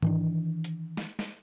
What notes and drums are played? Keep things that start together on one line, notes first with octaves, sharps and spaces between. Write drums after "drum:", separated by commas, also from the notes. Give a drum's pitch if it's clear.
D#3 E3 D4, drum: tom G#2
drum: hi-hat
drum: snare
drum: snare